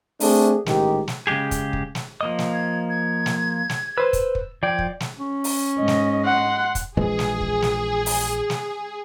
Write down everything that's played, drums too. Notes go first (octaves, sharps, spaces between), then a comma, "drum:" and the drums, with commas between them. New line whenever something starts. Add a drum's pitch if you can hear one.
A3 C4 D4 G#4, drum: open hi-hat
A1 G#2 D#3 G4, drum: snare
drum: snare
C#3 F3 G#3 G4 G#4
drum: kick, hi-hat
drum: kick
drum: snare
F3 A#3 D#5 D#6
drum: snare
G#6
G#6
drum: snare
drum: snare
B4 C5 E6
drum: kick, hi-hat
drum: kick
F3 D5 G5 G#6
drum: kick
drum: snare
C#4
drum: open hi-hat
G#2 D#5
drum: snare
F#5 C6
drum: kick, hi-hat
A#1 E3 G#3 G#4, drum: kick
drum: snare
drum: kick
drum: snare
drum: open hi-hat
drum: snare